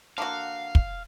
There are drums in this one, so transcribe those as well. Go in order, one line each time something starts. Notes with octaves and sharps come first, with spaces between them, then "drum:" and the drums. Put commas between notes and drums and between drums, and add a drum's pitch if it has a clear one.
D3 A#3 F#4 F5
drum: kick